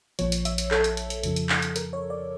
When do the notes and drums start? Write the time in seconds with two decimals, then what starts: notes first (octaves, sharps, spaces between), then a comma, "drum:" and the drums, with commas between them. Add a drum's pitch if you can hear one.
0.19 A#1 A#2 F3 C#5, drum: hi-hat
0.32 drum: hi-hat
0.45 E5, drum: hi-hat
0.58 drum: hi-hat
0.71 A4, drum: clap
0.84 drum: hi-hat
0.97 drum: hi-hat
1.10 drum: hi-hat
1.24 F2 C#3 F3, drum: hi-hat
1.36 drum: hi-hat
1.49 drum: clap
1.62 drum: hi-hat
1.76 A#4, drum: hi-hat
1.93 C#5
2.10 D5